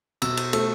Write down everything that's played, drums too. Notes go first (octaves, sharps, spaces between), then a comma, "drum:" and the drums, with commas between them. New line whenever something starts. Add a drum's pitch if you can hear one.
B2 E6, drum: cymbal
drum: cymbal
A3 E6, drum: cymbal